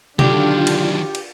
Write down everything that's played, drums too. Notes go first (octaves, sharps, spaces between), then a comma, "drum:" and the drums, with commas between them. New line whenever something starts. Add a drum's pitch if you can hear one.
D3 D#3 F#3 D4 F4 G4, drum: tom C3
drum: cymbal
drum: cymbal